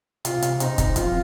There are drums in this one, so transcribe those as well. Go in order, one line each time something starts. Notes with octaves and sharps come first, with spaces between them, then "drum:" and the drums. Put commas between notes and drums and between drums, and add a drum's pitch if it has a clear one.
C3 F4, drum: hi-hat
C3, drum: hi-hat
C4 D#4, drum: hi-hat
C4, drum: kick, hi-hat
F3 F4, drum: hi-hat